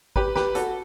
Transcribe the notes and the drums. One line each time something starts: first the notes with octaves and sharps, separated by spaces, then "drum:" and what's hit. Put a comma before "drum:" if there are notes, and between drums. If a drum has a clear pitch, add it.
G4 B4, drum: kick
G4 B4, drum: snare
F#4 A4, drum: hi-hat